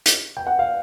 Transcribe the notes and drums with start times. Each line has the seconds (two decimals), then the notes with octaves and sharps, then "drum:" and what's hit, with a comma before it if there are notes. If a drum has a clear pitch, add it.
0.06 drum: hi-hat
0.37 G5
0.47 F#5
0.59 F5